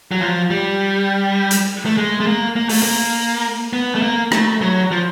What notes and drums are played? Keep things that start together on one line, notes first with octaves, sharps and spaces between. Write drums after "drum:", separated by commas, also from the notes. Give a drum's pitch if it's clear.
F#3
F3
G3
drum: hi-hat
A3
G#3
A3
A#3
A#3
A3, drum: open hi-hat
A#3
B3
A3
A#3
A3, drum: rim click
F#3
F3